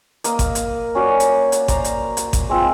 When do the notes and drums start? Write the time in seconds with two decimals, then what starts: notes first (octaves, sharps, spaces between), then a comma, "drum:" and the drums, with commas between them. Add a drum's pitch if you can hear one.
0.24 A#3 A#4 D#5, drum: hi-hat
0.39 drum: kick G#1, hi-hat
0.55 drum: hi-hat
0.95 C#4 F#4 D5
1.20 drum: hi-hat
1.52 drum: hi-hat
1.68 C5 D5 A#5, drum: kick G#1, hi-hat
1.84 drum: hi-hat
2.17 drum: hi-hat
2.33 drum: kick G#1, hi-hat
2.49 G#3 C4 F4